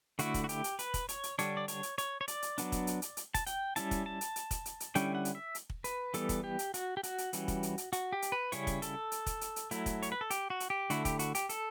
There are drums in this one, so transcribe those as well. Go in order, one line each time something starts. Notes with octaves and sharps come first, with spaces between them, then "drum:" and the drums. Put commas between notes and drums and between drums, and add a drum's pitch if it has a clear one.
D3 A3 E4 F#4, drum: hi-hat
drum: kick, hi-hat
F#4
G4, drum: hi-hat
drum: hi-hat
B4, drum: hi-hat
drum: kick, hi-hat
C#5, drum: hi-hat
drum: hi-hat
D3 G3 D4 C#5, drum: hi-hat
D5
C#5, drum: hi-hat
drum: hi-hat
C#5, drum: hi-hat
C#5
D5, drum: hi-hat
drum: hi-hat
F#3 B3 D4, drum: hi-hat
drum: kick, hi-hat
drum: hi-hat
drum: hi-hat
drum: hi-hat
A5, drum: kick, hi-hat
G5, drum: hi-hat
G3 C#4 E4 A5, drum: hi-hat
drum: kick, hi-hat
A5
drum: hi-hat
drum: hi-hat
drum: kick, hi-hat
drum: hi-hat
drum: hi-hat
D3 G3 C#4 E4 G5, drum: hi-hat
F#5
drum: hi-hat
E5
drum: hi-hat
drum: kick
B4, drum: hi-hat
E3 G3 B3 A4, drum: hi-hat
drum: kick, hi-hat
G4
drum: hi-hat
F#4, drum: hi-hat
G4
F#4, drum: hi-hat
drum: hi-hat
E3 G3 C#4, drum: hi-hat
drum: kick, hi-hat
drum: hi-hat
drum: hi-hat
F#4, drum: hi-hat
G4
drum: hi-hat
B4
C#3 G3 C#4 E4 C#5, drum: hi-hat
drum: kick, hi-hat
A4, drum: hi-hat
drum: hi-hat
drum: kick, hi-hat
drum: hi-hat
drum: hi-hat
F#3 A3 E4, drum: hi-hat
drum: kick, hi-hat
C#5, drum: hi-hat
B4
A4
G4, drum: hi-hat
F#4
drum: hi-hat
G4
D3 A3 E4 F#4, drum: hi-hat
G4, drum: kick, hi-hat
F#4, drum: hi-hat
G4, drum: hi-hat
A4, drum: hi-hat